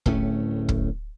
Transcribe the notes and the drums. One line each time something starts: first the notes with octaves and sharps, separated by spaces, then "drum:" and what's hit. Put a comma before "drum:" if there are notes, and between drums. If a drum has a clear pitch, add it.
D1 A2 A3 C#4, drum: kick
drum: kick